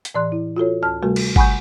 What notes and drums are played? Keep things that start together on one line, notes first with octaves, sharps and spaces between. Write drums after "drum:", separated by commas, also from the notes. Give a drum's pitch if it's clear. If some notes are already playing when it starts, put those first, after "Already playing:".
drum: hi-hat
A2 E3 D5 C6 F#6
E4
F4 F#4 A4 C#5
D2 A5 F6
C3 G3 A3 F#4 A4
drum: cymbal
F#5 G#5 B5 C#6 D#6 G6, drum: kick G1